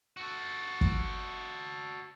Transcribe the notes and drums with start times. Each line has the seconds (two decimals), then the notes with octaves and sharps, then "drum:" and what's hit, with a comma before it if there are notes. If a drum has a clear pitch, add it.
0.17 F#4 A4
0.81 drum: kick